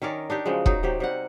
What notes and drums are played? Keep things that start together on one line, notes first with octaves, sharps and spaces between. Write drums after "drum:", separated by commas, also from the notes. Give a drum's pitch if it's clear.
D#3 C#4 A#4 D5
D4 D#4 G4
C#3 F3 F#3 G#3
F#3 D#4, drum: kick
C3 F#3 G4
C3 G3 F#5